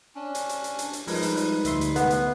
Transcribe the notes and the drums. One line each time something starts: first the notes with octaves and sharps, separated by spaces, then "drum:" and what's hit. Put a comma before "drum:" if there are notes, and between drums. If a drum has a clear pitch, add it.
C#4 D4
drum: hi-hat
drum: hi-hat
drum: hi-hat
drum: hi-hat
drum: hi-hat
F3 G3 G#3 D#4 A#4 B4, drum: open hi-hat
drum: hi-hat
drum: hi-hat
D2 E5 C6, drum: hi-hat
drum: hi-hat
B3, drum: hi-hat
drum: hi-hat